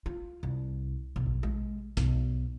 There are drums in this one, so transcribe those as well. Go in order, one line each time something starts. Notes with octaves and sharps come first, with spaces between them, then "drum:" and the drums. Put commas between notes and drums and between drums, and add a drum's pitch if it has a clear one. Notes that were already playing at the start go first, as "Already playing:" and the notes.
F4
C2
B1
drum: kick A#1
G#3
B1, drum: snare